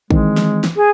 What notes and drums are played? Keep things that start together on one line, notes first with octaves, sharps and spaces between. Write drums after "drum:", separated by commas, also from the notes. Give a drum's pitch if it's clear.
D#3 E3 G#3 C4, drum: kick
drum: snare
drum: snare
G#4